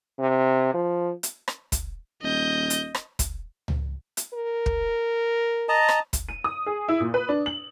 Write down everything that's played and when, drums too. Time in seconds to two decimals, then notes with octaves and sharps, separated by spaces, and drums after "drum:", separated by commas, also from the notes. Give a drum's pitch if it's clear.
0.19 C3
0.74 F3
1.23 drum: hi-hat
1.48 drum: rim click
1.72 drum: kick, hi-hat
2.22 D#1 D#5 G6
2.70 drum: hi-hat
2.95 drum: rim click
3.19 drum: kick, hi-hat
3.68 drum: tom C#2
4.17 drum: hi-hat
4.34 A#4
4.66 drum: kick
5.69 D#5 A5 A#5
5.88 drum: rim click
6.13 drum: kick, hi-hat
6.29 D#7
6.44 D#6
6.66 G#4
6.88 E4
7.00 A#2
7.14 B4
7.29 D4
7.46 F#7